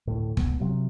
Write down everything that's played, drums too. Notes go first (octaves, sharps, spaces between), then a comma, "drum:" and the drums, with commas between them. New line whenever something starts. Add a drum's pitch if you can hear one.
D2 A2
C#2 B3, drum: kick
C3 F#3